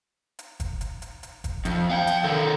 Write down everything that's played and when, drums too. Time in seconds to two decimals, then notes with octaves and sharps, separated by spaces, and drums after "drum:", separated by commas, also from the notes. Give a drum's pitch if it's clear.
0.39 drum: hi-hat
0.60 drum: kick, hi-hat
0.81 drum: hi-hat
1.02 drum: hi-hat
1.23 drum: hi-hat
1.44 drum: kick, hi-hat
1.65 F2, drum: hi-hat
1.90 F5 G5
2.07 drum: hi-hat
2.24 D#3 A4